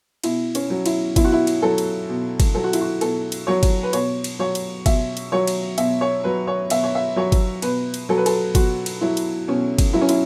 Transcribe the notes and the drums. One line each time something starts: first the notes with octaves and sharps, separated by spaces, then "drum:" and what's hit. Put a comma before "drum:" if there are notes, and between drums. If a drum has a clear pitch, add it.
B2 E4, drum: cymbal
C#4, drum: cymbal
F#3
E4, drum: cymbal
B2 E4, drum: kick G1, cymbal
F#4
E4
drum: cymbal
F#3 A4
drum: cymbal
B2
drum: kick G1, cymbal
F#3 A4
F#4
E4, drum: cymbal
F#4
B2 A4, drum: cymbal
drum: cymbal
F#3 C#5
drum: kick G1, cymbal
B4
B2 C#5, drum: cymbal
drum: cymbal
F#3 C#5
drum: cymbal
B2 E5, drum: kick G1, cymbal
drum: cymbal
F#3 C#5
drum: cymbal
B2 E5, drum: cymbal
C#5
F#3 B4
C#5
B2 E5, drum: cymbal
C#5
E5
F#3 C#5
drum: kick G1, cymbal
B2 B4, drum: cymbal
drum: cymbal
F#3 A4
B4
A4, drum: cymbal
B2 F#4, drum: kick G1, cymbal
drum: cymbal
F#3 E4
drum: cymbal
B2 C#4
drum: kick G1, cymbal
F#3 E4
C#4
E4, drum: cymbal